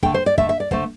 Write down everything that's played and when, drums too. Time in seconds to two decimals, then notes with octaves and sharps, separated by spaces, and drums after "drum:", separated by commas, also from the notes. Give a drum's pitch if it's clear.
0.03 D3 A3 G5, drum: kick
0.14 C5
0.26 D5
0.38 D3 A3 E5, drum: kick
0.49 E5
0.60 D5
0.71 D3 A3 C5, drum: kick